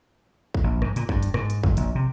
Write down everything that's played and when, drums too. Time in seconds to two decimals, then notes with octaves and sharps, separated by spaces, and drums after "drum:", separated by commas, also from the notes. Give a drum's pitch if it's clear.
0.54 drum: kick
0.64 A#1
0.82 G#2, drum: rim click
0.96 A#2, drum: hi-hat
1.09 G2, drum: kick
1.23 drum: hi-hat
1.34 G#2, drum: rim click
1.50 drum: hi-hat
1.63 F#1, drum: kick
1.77 A#1, drum: hi-hat
1.95 C3